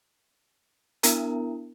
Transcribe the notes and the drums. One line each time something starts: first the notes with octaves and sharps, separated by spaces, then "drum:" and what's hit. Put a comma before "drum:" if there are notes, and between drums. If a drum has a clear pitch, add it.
B3 D4 E4 A#4 A#5, drum: hi-hat